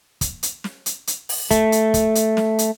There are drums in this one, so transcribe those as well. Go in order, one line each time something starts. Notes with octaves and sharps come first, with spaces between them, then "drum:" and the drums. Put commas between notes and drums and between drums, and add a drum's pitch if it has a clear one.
drum: kick, hi-hat
drum: hi-hat
drum: snare
drum: hi-hat
drum: hi-hat
drum: open hi-hat
A3, drum: kick, hi-hat
drum: hi-hat
drum: kick, hi-hat
drum: hi-hat
drum: snare
drum: hi-hat